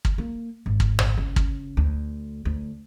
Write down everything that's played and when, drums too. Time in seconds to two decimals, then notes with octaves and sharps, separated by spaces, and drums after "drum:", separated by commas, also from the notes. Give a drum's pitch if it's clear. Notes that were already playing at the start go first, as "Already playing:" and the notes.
0.05 drum: kick
0.18 A#3
0.66 G#1
0.80 drum: kick
0.99 drum: tom G#1
1.17 C#3
1.36 drum: kick
1.77 D2
2.45 D2